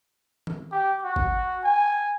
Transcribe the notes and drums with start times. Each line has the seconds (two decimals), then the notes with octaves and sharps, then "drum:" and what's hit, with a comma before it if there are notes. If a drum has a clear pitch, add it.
0.47 drum: tom D#3
0.72 G4
1.03 F#4
1.16 drum: kick
1.63 G#5